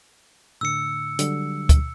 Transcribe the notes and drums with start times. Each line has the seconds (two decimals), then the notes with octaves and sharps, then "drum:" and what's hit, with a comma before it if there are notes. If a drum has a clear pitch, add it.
0.61 A2 D3 E6 C#7
1.19 D3 F#3 G3, drum: hi-hat
1.69 drum: kick, hi-hat